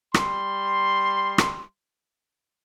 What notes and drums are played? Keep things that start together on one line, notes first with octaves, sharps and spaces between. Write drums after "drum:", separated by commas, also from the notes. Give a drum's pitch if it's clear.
G3 C6, drum: rim click
drum: rim click